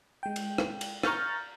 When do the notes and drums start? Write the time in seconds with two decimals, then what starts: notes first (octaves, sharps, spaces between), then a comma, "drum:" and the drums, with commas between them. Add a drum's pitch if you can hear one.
0.23 G#3 G5
0.36 drum: cymbal
0.58 drum: rim click
0.81 drum: cymbal
1.03 A#5 C#6 F6 G6 A6, drum: rim click